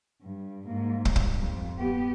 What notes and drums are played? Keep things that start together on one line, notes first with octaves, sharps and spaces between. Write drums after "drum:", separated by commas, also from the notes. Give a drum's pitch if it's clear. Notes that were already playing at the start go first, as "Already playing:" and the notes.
G2
G#2 A#3
G3, drum: kick
drum: kick
F2
B3 G4